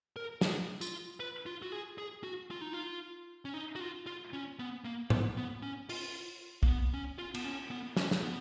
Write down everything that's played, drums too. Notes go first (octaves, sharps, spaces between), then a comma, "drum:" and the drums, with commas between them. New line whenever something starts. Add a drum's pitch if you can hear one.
A#4
G#4, drum: snare
F4, drum: tambourine
B4
F4
F#4
G#4
G#4
F#4
F4
D#4
F4
C#4
D#4
F#4
F4
F4
C#4
B3
A#3
B3, drum: tom G#2
B3
C#4
F4, drum: open hi-hat
A#3, drum: kick
B3
C#4
F4
B3, drum: cymbal
C#4
B3
C#4, drum: snare
drum: snare
B3